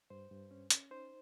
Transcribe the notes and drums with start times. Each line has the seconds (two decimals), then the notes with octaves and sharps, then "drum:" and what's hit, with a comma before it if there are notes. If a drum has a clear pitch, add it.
0.10 G2 C5
0.31 G2
0.51 C#4
0.70 C#4, drum: hi-hat
0.91 D#4 C5